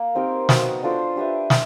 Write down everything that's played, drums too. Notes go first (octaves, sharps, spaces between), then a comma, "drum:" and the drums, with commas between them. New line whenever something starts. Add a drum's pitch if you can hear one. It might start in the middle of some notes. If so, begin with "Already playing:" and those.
Already playing: A#3
C4 D#4 G4 A#4
B3 D#4 F#4, drum: snare
D4 F4 A4 C5
D4 G4 B4 E5
drum: snare